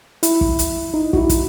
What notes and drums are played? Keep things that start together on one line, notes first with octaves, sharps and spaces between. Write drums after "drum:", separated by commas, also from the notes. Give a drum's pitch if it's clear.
E4, drum: hi-hat
drum: kick
drum: hi-hat
D#4
F#4, drum: kick
E4
drum: kick, hi-hat